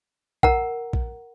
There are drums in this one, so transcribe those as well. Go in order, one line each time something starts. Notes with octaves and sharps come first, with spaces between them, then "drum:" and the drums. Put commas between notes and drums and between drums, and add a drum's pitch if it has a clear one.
A#4 F#5 A#5, drum: kick A#1
drum: kick A#1